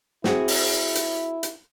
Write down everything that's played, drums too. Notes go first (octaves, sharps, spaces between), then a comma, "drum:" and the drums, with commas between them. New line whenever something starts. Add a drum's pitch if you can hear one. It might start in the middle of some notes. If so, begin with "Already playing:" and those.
C4 E4 F#4 G#4, drum: snare
drum: open hi-hat
drum: hi-hat
drum: hi-hat